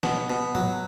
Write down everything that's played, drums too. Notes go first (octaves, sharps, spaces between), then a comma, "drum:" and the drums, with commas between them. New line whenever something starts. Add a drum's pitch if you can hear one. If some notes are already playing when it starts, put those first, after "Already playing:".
B2, drum: snare
B2
F#3, drum: tom A2